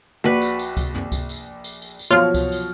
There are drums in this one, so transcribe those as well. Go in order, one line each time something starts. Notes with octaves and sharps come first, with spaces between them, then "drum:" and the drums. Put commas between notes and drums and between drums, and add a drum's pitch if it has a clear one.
A#1 F#4 B4 D5
drum: tambourine
drum: tambourine
drum: kick C#2, tambourine
drum: tom
drum: kick C#2, tambourine
drum: tambourine
drum: tambourine
drum: tambourine
drum: tambourine
B2 F3 F#3 F4 C#5 F6
drum: kick C#2, tambourine
drum: tambourine